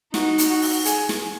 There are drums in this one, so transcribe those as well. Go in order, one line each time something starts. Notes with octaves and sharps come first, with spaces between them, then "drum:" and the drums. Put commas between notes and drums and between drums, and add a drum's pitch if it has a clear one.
D#4 F#4, drum: snare
drum: hi-hat
F#4
drum: open hi-hat
G#4, drum: hi-hat
drum: snare